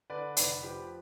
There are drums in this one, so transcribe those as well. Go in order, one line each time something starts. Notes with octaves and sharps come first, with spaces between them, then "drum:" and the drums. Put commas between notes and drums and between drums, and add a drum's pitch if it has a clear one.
D3 B4 D5
F1 B4 D5, drum: hi-hat
F3 G4 B4